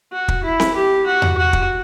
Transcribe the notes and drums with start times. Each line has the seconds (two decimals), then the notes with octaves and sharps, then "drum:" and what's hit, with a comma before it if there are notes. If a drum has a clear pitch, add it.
0.13 F#4
0.28 drum: kick
0.44 E4
0.60 drum: snare C4
0.75 G4
1.06 F#4
1.22 drum: tom E2
1.37 F#4
1.53 drum: kick